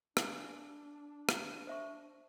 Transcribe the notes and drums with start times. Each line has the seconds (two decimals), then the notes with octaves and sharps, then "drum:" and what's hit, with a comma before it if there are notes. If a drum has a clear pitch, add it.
0.17 D4 G#5, drum: rim click
1.29 drum: rim click
1.67 C5 E5 C#6